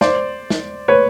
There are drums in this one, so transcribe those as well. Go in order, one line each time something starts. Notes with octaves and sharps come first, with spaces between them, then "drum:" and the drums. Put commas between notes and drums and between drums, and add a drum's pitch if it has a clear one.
C5 D5, drum: snare
drum: snare
B4 C#5